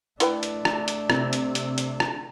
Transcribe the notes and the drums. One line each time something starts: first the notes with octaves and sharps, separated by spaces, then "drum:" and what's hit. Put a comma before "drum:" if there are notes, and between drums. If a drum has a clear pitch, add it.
A3 D4 E4 B4 G5, drum: hi-hat
drum: hi-hat
drum: rim click
drum: hi-hat
C3, drum: rim click
drum: hi-hat
drum: hi-hat
drum: hi-hat
drum: rim click